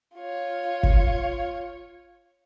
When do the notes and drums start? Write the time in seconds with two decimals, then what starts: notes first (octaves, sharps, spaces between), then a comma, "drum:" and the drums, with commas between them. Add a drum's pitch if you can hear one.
0.15 F4 C#5
0.83 drum: kick